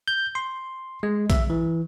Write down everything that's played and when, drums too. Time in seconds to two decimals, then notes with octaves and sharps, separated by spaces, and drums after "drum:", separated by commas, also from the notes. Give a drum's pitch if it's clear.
0.08 G6
0.35 C6
1.03 G#3
1.30 E5, drum: kick A#1, hi-hat
1.50 E3